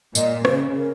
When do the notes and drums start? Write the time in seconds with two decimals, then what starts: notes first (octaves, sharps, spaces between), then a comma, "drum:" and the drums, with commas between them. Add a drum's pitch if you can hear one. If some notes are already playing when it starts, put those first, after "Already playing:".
0.15 A#2 D#5, drum: tambourine
0.45 C#3 C5, drum: rim click
0.75 A#4